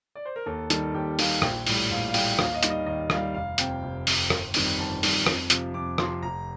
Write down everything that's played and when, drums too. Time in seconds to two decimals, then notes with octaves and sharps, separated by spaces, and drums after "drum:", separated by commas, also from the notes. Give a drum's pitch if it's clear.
0.15 D5
0.25 C5
0.36 A#4
0.46 D#2 A4
0.70 D#3 G3 A4, drum: hi-hat
0.94 D#2 G4
1.19 D#3 G3 F5, drum: open hi-hat
1.42 A#1 G5, drum: rim click
1.66 A2 G3, drum: open hi-hat
1.91 A#1 F5
2.09 F5
2.14 A2 G3 G5, drum: open hi-hat
2.31 G5
2.39 D#2 F5, drum: rim click
2.54 D#5
2.63 D#3 G3, drum: hi-hat
2.70 D#5
2.86 D#2 D#5
3.10 D#3 G3 F5, drum: rim click
3.34 F1 F5
3.58 F2 C3 G5, drum: hi-hat
3.83 F1
4.07 F2 C3, drum: open hi-hat
4.30 G1, drum: rim click
4.54 F2 D#3 G3, drum: open hi-hat
4.79 G1 A5
5.03 F2 D#3 G3, drum: open hi-hat
5.26 F2, drum: rim click
5.50 C3 F3, drum: hi-hat
5.74 F2 D6
5.98 C3 F3 C6, drum: rim click
6.23 F1 A#5